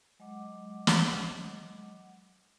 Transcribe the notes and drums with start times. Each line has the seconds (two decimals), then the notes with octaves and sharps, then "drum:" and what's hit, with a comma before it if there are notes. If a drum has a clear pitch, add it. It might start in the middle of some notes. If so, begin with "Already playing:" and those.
0.19 F#3 G#3 D#5 F#5 D6
0.87 drum: snare